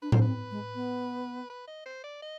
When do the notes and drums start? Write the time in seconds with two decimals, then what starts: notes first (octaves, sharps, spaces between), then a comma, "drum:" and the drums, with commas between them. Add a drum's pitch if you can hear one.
0.02 D4 B4
0.12 D4 C5, drum: tom A2
0.22 B4
0.27 C4
0.51 G#3
0.75 B3
1.50 B4
1.67 D#5
1.86 C5
2.04 D5
2.22 D#5